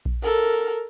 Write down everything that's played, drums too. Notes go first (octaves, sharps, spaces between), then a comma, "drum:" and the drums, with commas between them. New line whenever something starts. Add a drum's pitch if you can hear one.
drum: kick A#1
A4 A#4